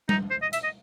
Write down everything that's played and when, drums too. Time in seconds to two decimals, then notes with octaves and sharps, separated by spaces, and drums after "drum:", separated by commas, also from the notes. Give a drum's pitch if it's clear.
0.09 D#4, drum: tom G3
0.31 C5
0.42 D#5
0.53 E5, drum: hi-hat
0.64 D#5